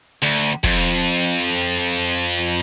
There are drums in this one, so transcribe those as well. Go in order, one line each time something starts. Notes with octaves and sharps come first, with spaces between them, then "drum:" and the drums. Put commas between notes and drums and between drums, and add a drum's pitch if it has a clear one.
D2
F2, drum: kick